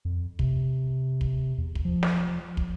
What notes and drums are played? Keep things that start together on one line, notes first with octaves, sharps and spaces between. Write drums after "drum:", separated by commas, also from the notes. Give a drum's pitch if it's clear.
F2
C3, drum: kick
drum: kick
E2
drum: kick
F3
drum: snare
drum: kick